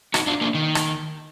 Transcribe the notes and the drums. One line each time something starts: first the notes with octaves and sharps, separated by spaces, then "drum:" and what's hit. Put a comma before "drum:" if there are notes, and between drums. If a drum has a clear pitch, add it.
D#4 F#4, drum: rim click
D4 F4
A#3 D4
D#3
drum: rim click